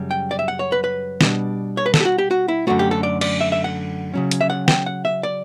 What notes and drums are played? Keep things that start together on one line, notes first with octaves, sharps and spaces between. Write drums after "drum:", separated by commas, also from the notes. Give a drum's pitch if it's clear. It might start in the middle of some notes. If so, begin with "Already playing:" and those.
Already playing: F#2 C#3 G3
G5
D5
E5
F#5
C#5
B4
B4
B2 G3 D4, drum: snare
C#5
B4
A4, drum: snare
G4
F#4
G4
F#4
E4
F#2 D3 A3 F#4
G4
A4
D5
D5, drum: cymbal
E5
E5
F#5
C#3 F#3 C#4
drum: hi-hat
E5
F#5
G5, drum: snare
F#5
E5
D5